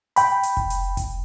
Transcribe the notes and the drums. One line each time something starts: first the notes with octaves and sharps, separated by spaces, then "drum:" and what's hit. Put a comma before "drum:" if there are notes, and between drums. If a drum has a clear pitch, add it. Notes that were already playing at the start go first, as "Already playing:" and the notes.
G5 B5, drum: hi-hat
drum: hi-hat
drum: kick F1
drum: hi-hat
drum: kick F1, hi-hat